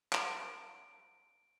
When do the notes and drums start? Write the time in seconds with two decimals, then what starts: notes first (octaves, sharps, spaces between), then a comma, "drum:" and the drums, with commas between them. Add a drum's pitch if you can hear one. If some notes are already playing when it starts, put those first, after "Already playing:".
0.13 D7, drum: clap